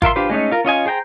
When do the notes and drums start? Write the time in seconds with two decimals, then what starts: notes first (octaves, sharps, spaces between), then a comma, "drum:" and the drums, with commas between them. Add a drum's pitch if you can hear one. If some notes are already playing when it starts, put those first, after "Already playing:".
0.02 F4 A#4 E5 C6, drum: kick G#1
0.16 D4 F4 G4 B4 C5
0.30 G#3 A3 C#4 D#4
0.51 F4 A#4
0.65 C#4 F4 D#5 G#5
0.86 G#4 C5 G5 A#5